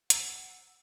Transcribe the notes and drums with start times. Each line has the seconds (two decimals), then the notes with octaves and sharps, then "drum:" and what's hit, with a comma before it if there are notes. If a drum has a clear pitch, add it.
0.10 F#5 E6, drum: hi-hat